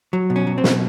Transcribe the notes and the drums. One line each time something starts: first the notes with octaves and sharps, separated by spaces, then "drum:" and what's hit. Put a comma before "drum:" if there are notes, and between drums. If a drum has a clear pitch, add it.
F#3
B2
C#4
F#3
C4
B2, drum: snare